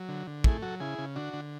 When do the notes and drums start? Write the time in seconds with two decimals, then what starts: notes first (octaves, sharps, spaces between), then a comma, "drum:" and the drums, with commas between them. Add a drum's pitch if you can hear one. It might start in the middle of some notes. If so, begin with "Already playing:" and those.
Already playing: F#3
0.09 D3
0.27 D3
0.44 A3 E4 G#4, drum: kick
0.62 F#3 F#4 A4
0.80 C#3 E4 G#4
0.98 C#3
1.16 D3 D4 F#4
1.33 D3